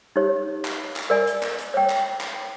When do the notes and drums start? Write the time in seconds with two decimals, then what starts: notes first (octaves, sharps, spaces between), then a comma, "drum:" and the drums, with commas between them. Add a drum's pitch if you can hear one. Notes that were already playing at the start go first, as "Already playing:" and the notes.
0.16 D#4 G4 C#5
0.65 drum: clap
0.96 drum: clap
1.10 A#4 D5 G#5
1.27 drum: hi-hat
1.43 drum: clap
1.58 drum: hi-hat
1.74 C#5 G5
1.90 drum: clap
2.21 drum: clap